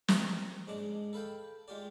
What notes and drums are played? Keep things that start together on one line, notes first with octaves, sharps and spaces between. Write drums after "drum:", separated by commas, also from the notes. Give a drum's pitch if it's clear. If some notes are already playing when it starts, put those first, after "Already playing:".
A#3 C4, drum: snare
G#2 G#3 D4 D6
A4 B4 F5 G5
G#3 F4 G4 D5